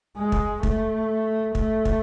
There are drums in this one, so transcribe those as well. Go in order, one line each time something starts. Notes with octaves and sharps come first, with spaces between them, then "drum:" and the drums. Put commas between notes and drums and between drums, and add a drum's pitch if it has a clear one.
G#3
drum: kick
A3, drum: kick
A3, drum: kick
drum: kick